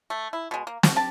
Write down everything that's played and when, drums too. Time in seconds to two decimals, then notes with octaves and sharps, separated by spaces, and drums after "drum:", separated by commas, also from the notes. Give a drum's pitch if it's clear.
0.10 A3
0.33 E4
0.51 B2 G#3
0.67 A#3
0.83 D#3 F3 F#4, drum: snare
0.96 D4 G4 A5